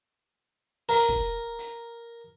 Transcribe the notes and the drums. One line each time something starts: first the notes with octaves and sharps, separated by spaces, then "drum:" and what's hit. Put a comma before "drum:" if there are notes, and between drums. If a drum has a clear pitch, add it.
A#4, drum: open hi-hat
drum: kick
drum: hi-hat